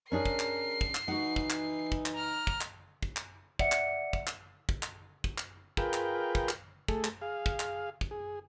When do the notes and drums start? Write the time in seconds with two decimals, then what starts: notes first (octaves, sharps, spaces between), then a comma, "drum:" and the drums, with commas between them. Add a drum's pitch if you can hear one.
0.12 C#4 D4 G#4 A#4 C7
0.25 drum: kick
0.39 drum: clap
0.81 drum: kick
0.95 drum: clap
1.08 E3 D#4 F#4 F#5
1.36 drum: kick
1.50 drum: clap
1.92 drum: kick
2.06 drum: clap
2.15 A#5 F6
2.47 drum: kick
2.61 drum: clap
3.03 drum: kick
3.16 drum: clap
3.59 D5 E5 F#5 C#7, drum: kick
3.72 drum: clap
4.13 drum: kick
4.27 drum: clap
4.69 drum: kick
4.83 drum: clap
5.24 drum: kick
5.38 drum: clap
5.77 F4 G#4 A#4 B4 G5, drum: kick
5.93 drum: clap
6.35 drum: kick
6.49 drum: clap
6.88 A3 G#4 A4, drum: kick
7.04 drum: clap
7.21 G#4 F5
7.46 drum: kick
7.60 drum: clap
8.01 drum: kick
8.11 G#4